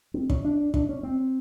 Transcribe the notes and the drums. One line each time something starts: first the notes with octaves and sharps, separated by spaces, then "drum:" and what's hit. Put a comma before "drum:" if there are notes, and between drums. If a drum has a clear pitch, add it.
C4
C#4, drum: kick
D4
D4, drum: kick
C#4
C4